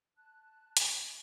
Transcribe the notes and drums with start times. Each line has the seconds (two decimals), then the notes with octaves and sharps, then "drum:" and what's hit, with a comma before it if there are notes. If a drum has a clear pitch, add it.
0.17 A5 F#6
0.77 drum: hi-hat